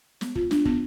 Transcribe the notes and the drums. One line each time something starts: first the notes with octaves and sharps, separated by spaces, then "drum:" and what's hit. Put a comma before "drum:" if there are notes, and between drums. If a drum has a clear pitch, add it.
B3, drum: snare
F4, drum: kick
D4, drum: snare
B3, drum: kick